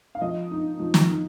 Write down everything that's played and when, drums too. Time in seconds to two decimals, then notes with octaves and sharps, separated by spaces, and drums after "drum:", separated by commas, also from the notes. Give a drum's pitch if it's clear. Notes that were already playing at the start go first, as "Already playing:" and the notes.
0.15 F5
0.21 F3 D#5
0.51 D#4
0.80 F3
0.94 drum: snare
1.09 D#4